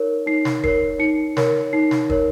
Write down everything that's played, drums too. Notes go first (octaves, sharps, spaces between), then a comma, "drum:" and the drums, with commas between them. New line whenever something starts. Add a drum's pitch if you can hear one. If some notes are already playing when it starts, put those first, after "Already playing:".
Already playing: D#4 A#4 C#5
D#4 C7
drum: snare
A#4 C#5 C7, drum: kick
D#4 C#7
A#4 C#5, drum: snare
D#4 C7
drum: snare
A#4 C#5, drum: kick